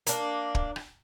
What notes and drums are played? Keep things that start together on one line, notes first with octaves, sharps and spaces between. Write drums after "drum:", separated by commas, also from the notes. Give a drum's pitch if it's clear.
A#3 D4, drum: hi-hat
drum: kick
drum: rim click